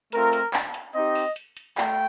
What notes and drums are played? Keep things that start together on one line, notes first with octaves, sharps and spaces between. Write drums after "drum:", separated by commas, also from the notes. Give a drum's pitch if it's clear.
A3 C4 F4 A#4, drum: hi-hat
drum: hi-hat
drum: clap
drum: hi-hat
C4 D#4 G4 D#5
drum: open hi-hat
drum: hi-hat
drum: hi-hat
A3 G5, drum: clap